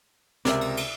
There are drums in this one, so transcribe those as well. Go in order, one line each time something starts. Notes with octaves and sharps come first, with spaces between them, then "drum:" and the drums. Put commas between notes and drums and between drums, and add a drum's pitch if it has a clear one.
C#2 C3 A#4 D5 E5, drum: snare
drum: cymbal
drum: cymbal